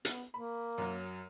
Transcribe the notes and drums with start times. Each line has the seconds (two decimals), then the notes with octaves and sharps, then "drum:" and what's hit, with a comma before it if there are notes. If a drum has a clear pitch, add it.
0.05 B3, drum: hi-hat
0.34 A#3 B5
0.78 F#2 F#3